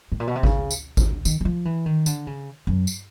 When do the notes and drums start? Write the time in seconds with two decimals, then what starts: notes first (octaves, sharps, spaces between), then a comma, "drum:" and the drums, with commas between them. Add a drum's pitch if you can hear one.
0.12 A2
0.20 A#2
0.27 B2
0.35 C3
0.43 C#3, drum: kick G#1
0.71 drum: tambourine
0.97 D3, drum: kick G#1, tambourine
1.25 D#3, drum: tambourine
1.41 E3
1.45 F3
1.65 E3
1.86 D#3
2.06 D3, drum: tambourine
2.27 C#3
2.67 F#2
2.87 drum: tambourine